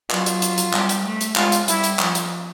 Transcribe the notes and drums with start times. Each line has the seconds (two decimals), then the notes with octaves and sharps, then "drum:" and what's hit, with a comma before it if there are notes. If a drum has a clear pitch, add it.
0.10 F#3 F4, drum: clap
0.26 drum: hi-hat
0.42 drum: hi-hat
0.58 drum: hi-hat
0.73 G3, drum: clap
0.89 drum: hi-hat
1.05 A3
1.21 drum: hi-hat
1.36 G#3 F4, drum: clap
1.52 drum: hi-hat
1.68 G3 E4, drum: hi-hat
1.84 drum: hi-hat
1.99 F3, drum: clap
2.15 drum: hi-hat